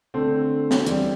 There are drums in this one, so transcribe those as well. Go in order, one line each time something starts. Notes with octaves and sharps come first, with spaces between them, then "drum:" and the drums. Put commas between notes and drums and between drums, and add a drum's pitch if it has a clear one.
D3 A3 C4
drum: snare
E3 G3 C4, drum: hi-hat